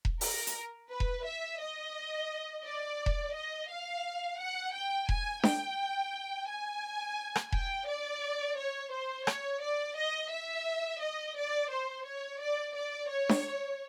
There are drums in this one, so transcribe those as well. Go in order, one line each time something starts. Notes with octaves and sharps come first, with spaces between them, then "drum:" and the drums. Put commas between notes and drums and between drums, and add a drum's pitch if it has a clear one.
drum: kick E1
A#4, drum: open hi-hat
drum: hi-hat
B4
drum: kick E1
E5
D#5
D5
drum: kick E1
D#5
F5
F#5
G5
G#5, drum: kick E1
G5, drum: snare D4
G#5
drum: rim click
G5, drum: kick E1
D5
C#5
C5
C#5, drum: rim click
D5
D#5
E5
D#5
D5
C5
C#5
D5
D5
C#5
drum: snare D4